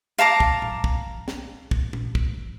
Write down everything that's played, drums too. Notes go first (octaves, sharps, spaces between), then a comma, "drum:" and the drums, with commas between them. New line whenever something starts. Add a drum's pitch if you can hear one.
F5 A5 A#5 D6
drum: kick
drum: tom A2
drum: kick
drum: snare
drum: kick
drum: tom A#2
drum: kick